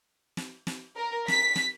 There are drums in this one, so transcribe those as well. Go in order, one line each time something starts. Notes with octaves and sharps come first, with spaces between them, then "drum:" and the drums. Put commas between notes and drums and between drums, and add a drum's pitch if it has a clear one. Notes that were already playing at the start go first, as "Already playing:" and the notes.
drum: snare
drum: snare
A#4
B6, drum: snare
drum: snare